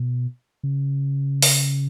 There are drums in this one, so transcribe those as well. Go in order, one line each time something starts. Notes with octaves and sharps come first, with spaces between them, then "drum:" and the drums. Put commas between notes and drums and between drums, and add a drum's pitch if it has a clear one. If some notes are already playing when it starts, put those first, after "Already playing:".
Already playing: B2
C#3
drum: open hi-hat